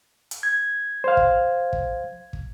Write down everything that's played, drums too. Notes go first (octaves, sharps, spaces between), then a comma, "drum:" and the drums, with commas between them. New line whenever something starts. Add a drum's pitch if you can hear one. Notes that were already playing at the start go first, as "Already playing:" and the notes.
drum: hi-hat
G#6
C5 F5
drum: kick
drum: kick
drum: kick